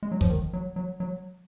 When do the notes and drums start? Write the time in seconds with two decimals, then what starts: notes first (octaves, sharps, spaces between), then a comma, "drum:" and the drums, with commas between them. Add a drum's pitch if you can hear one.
0.03 G#3
0.12 F#3
0.21 F3, drum: kick
0.30 D#3
0.53 F#3
0.76 F#3
1.00 F#3